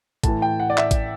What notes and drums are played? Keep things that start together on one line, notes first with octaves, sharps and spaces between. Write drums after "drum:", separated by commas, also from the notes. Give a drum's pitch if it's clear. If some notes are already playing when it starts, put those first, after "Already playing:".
A2 E3 A5, drum: kick A1, hi-hat
G5
F#5
D5
E5, drum: clap
drum: kick A1, hi-hat